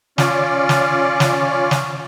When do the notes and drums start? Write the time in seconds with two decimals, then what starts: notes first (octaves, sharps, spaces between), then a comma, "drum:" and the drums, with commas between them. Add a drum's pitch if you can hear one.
0.18 C#4 F4 D5, drum: snare
0.69 drum: snare
1.20 drum: snare
1.71 drum: snare